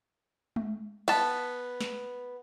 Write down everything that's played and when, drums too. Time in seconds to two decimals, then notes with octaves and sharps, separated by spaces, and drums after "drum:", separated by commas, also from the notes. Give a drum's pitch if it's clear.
0.56 drum: tom G#3
1.08 B3 A5, drum: cymbal
1.81 drum: snare